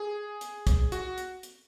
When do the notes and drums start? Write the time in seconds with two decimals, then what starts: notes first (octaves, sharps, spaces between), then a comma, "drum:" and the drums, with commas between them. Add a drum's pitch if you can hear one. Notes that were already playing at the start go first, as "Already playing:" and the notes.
Already playing: G#4
0.41 drum: hi-hat
0.67 drum: kick, hi-hat
0.92 F#4, drum: hi-hat
1.18 drum: hi-hat
1.43 drum: hi-hat